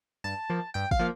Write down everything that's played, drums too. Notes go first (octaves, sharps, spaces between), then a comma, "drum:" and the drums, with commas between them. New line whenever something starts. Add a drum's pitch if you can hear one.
G2 A5
F3 A#3
G2 G5
F5, drum: kick
F3 A#3